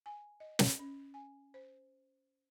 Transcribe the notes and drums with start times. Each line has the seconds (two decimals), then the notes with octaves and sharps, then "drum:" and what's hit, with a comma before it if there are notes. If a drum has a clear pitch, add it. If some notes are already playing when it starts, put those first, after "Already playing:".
0.06 G#5
0.40 D#5
0.59 drum: snare
0.79 C#4
1.14 G#5
1.54 C5